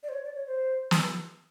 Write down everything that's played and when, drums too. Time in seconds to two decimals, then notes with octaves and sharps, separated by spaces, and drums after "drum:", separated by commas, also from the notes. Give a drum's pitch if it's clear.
0.03 D5
0.09 C5
0.13 C#5
0.25 D5
0.36 C#5
0.47 C5
0.91 drum: snare